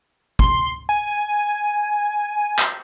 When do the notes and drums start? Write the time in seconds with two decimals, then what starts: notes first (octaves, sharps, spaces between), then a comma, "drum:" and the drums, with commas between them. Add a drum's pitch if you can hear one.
0.39 C6, drum: kick
0.89 G#5
2.59 drum: clap